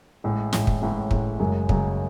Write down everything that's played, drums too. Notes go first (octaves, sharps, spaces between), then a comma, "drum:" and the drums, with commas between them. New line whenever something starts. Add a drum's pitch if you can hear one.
A1 A2 G#3
A1 A2 G#3, drum: snare
drum: kick
A1 A2 G#3
A1 A2 G#3, drum: kick
F#1 F#2 C#3 G#3
F#1 F#2 C#3 G#3, drum: kick